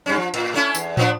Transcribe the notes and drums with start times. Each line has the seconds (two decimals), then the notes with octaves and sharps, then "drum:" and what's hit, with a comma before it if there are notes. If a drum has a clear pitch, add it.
0.06 G2 G3 C#4
0.17 F3
0.34 A2, drum: hi-hat
0.54 A3 C#4 E4
0.75 E2, drum: tambourine
0.97 F3 B3 D4, drum: tom